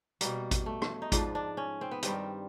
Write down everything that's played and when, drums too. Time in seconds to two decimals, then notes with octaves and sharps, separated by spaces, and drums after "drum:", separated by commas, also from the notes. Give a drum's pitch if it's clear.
0.21 B2 G3 A#3, drum: hi-hat
0.51 drum: kick A1, hi-hat
0.66 A3
0.82 drum: rim click
1.02 D#4
1.12 G#2 F3 D4, drum: kick A1, hi-hat
1.35 D4
1.57 C#4
1.81 C4
1.91 B3
2.03 G2 D#3 G3 C4, drum: hi-hat